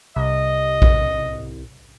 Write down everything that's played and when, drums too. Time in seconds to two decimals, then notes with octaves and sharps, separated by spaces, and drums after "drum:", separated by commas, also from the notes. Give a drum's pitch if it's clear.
0.16 C2 D#5
0.82 drum: kick A#1